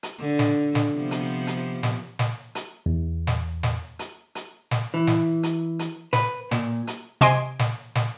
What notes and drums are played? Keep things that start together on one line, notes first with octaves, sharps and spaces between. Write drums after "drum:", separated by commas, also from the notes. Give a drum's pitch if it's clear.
drum: hi-hat
D3
drum: snare
drum: snare
C3 F3 B3
drum: hi-hat
drum: hi-hat
drum: snare
drum: snare
drum: hi-hat
E2
drum: snare
drum: snare
drum: hi-hat
drum: hi-hat
drum: snare
E3
drum: snare
drum: hi-hat
drum: hi-hat
B4, drum: snare
A#2, drum: snare
drum: hi-hat
C3 D#5 G#5 C6 D7, drum: hi-hat
drum: snare
drum: snare